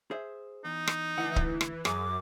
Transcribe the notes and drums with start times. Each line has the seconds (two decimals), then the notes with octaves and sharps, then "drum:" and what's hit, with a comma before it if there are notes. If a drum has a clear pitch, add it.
0.11 G#4 C5 E5
0.65 E2 D#4
0.87 drum: rim click
1.17 D2 E3 F#5
1.36 drum: kick C#1
1.61 drum: rim click
1.85 F#2 G#4 G#5 D6, drum: rim click